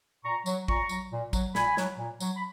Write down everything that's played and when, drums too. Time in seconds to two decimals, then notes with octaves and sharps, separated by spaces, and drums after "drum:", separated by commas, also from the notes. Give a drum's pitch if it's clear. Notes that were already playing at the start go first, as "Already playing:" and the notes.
0.24 A#2 A#5 C#6
0.46 F#3, drum: tambourine
0.68 A#2 A#5 C#6, drum: kick A1
0.89 F#3, drum: tambourine
1.12 A#2
1.33 F#3, drum: kick A1, tambourine
1.55 A#2 G#5 B5, drum: snare
1.77 F#3, drum: snare
1.98 A#2
2.20 F#3, drum: tambourine
2.37 B5